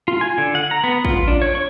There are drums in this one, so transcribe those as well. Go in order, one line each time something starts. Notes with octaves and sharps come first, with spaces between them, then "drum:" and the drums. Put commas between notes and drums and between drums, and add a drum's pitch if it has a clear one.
F4
G#5
D3
F#5
A#5
B3
F4, drum: kick
D4
C#5
C#6